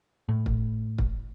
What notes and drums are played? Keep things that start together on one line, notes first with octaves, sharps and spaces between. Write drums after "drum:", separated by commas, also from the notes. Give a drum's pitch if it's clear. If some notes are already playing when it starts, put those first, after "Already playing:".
A2
drum: kick
drum: kick